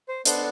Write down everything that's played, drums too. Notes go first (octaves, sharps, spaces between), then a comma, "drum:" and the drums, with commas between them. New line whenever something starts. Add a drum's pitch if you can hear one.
C5
B3 D4 A4 C5, drum: hi-hat